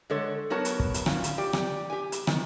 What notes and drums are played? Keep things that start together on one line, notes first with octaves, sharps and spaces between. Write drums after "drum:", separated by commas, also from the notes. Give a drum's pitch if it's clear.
D3 G#3 A4 C#5
F#3 B3 F#4 A#4 C#5 A5
drum: hi-hat
drum: kick
drum: hi-hat
A2 D3 C#4 F4, drum: rim click
drum: hi-hat
G4 D5
drum: rim click
G4 G#5
drum: hi-hat
D#3, drum: rim click